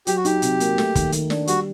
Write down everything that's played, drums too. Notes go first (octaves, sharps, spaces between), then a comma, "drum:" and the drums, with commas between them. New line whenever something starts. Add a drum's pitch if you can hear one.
F#3 G4, drum: hi-hat
F#4
D#4 G4, drum: hi-hat
C3, drum: hi-hat
A#3, drum: hi-hat
A3, drum: snare
D#3, drum: kick, hi-hat
D#3, drum: hi-hat
D4, drum: snare
G3 F#4, drum: hi-hat